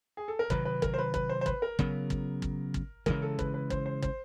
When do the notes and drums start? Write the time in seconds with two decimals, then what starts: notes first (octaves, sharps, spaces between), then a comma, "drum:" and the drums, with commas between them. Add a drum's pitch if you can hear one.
0.17 G#4
0.28 A4
0.39 A#4
0.50 C3 D#3 F#3 B4, drum: kick
0.65 B4
0.82 A#4, drum: kick
0.94 C5
0.98 B4
1.14 B4, drum: kick
1.29 C5
1.41 C5
1.46 B4, drum: kick
1.62 A#4
1.79 C#3 F#3 B3, drum: kick
2.10 drum: kick
2.42 drum: kick
2.74 drum: kick
3.06 C#3 E3 G#3 A#4, drum: kick
3.22 A4
3.39 B4, drum: kick
3.54 B4
3.70 C5, drum: kick
3.86 C5
4.02 C5, drum: kick